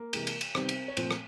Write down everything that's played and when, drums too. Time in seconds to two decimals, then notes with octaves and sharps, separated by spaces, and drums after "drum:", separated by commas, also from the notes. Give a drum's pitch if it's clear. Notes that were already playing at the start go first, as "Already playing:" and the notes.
Already playing: A#3 A#4
0.13 C3 E3 G#3, drum: cymbal
0.27 drum: cymbal
0.41 drum: cymbal
0.55 C3 D#3 G3 B3 C4 C5, drum: rim click
0.69 drum: cymbal
0.88 C#5
0.97 A#2 F3 A3 C4 C5, drum: cymbal
1.11 drum: rim click